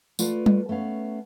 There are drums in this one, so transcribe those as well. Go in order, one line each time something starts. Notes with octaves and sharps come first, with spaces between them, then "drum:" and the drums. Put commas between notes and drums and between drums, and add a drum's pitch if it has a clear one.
A3 F4 B4 D5, drum: tambourine
drum: tom G3
A3 B3 C#4 F5